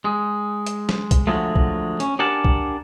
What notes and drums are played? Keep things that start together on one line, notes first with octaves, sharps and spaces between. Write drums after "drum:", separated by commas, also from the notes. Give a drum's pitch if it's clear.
G#3
drum: hi-hat
drum: snare
drum: kick B1, hi-hat
D3 F3 F#3 G#3 A3
drum: kick B1
C#4, drum: hi-hat
D4 G4 A#4 F#5 G#5 A5
drum: kick B1